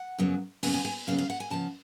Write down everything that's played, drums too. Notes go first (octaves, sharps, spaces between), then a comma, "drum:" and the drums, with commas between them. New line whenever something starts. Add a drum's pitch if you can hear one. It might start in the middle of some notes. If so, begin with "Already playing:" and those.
Already playing: F#5
F#2 C#3 F#3 B3
F#2 C#3 F#3 B3 G#5, drum: open hi-hat
G#5
G#5
F#2 C#3 F#3 B3 F5
F5
F#5
G#5
C#3 F3 B3 A5